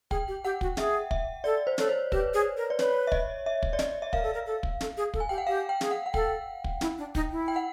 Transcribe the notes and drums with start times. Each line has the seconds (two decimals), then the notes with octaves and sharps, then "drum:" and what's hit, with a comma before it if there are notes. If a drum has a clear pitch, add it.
0.11 G#4 G5, drum: kick
0.28 G4
0.44 G4 F#5
0.61 F#4, drum: kick
0.77 G#4 E5, drum: snare
1.11 E5, drum: kick
1.44 A4 D5
1.67 C5
1.78 A4 C#5, drum: snare
1.89 C5
2.12 G4 B4, drum: kick
2.34 G#4
2.57 A#4
2.70 D5
2.79 B4 C#5, drum: snare
3.07 E5
3.12 D#5, drum: kick
3.46 E5
3.63 drum: kick
3.73 D5
3.79 D#5, drum: snare
4.02 E5
4.13 A#4 F5, drum: kick
4.23 A4
4.34 A#4
4.47 A4
4.63 drum: kick
4.81 A4, drum: snare
4.97 G#4
5.14 A4, drum: kick
5.20 G#5
5.29 G4 G5
5.38 F#5
5.47 G4 F5
5.69 G5
5.81 G#4, drum: snare
5.91 F#5
6.06 F#5
6.14 A4 G5, drum: kick
6.64 drum: kick
6.81 E4, drum: snare
6.98 D4
7.15 D#4, drum: kick
7.31 E4
7.48 G5
7.56 F#5